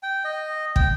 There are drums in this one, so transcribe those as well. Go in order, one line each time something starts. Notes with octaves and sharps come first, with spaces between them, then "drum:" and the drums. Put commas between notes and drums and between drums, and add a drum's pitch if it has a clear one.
G5
D#5
G5, drum: kick